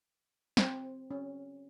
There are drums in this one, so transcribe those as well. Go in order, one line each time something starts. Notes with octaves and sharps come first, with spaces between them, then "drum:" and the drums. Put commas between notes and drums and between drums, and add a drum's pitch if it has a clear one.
C4, drum: snare
C#4